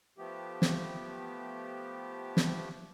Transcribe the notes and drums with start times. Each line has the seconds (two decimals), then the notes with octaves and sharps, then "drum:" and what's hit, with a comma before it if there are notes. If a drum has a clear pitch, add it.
0.18 F3 A3 B3 G4
0.62 drum: snare
2.37 drum: snare